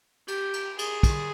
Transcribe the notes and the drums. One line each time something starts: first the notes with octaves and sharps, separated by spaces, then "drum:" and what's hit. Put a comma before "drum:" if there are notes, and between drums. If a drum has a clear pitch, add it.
G4, drum: cymbal
drum: cymbal
G#4, drum: cymbal
drum: kick, cymbal